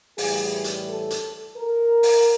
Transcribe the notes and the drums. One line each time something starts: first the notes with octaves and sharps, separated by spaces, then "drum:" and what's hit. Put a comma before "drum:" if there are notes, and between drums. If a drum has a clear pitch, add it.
A2 E3 G3 G#4, drum: open hi-hat
drum: hi-hat
A4
drum: hi-hat
A#4
drum: open hi-hat